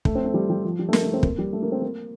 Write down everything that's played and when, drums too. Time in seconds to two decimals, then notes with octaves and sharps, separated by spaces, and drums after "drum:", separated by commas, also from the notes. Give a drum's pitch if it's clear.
0.05 A3, drum: kick
0.15 C4
0.24 A3
0.34 G3
0.50 G3
0.64 F3
0.79 G3
0.89 A3
0.93 A#3, drum: snare
1.03 A#3
1.13 C4
1.23 A#3, drum: kick
1.38 G3
1.53 A3
1.62 A#3
1.72 C4
1.82 A#3